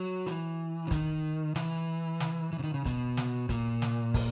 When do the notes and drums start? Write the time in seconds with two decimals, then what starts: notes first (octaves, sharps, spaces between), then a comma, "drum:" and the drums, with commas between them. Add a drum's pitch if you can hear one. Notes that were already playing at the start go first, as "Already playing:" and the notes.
Already playing: F#3
0.26 E3, drum: hi-hat
0.87 C#3
0.91 D#3, drum: kick, hi-hat
1.56 E3, drum: snare
2.20 drum: snare
2.53 E3
2.59 C#3
2.64 D#3
2.74 C#3
2.85 B2, drum: kick, hi-hat
3.17 drum: snare
3.49 A#2, drum: kick, hi-hat
3.82 drum: snare
4.14 drum: kick, open hi-hat